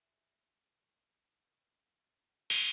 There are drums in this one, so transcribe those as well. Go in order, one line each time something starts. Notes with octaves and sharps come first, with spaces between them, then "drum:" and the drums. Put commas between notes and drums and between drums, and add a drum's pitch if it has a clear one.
G#4 E5
drum: cymbal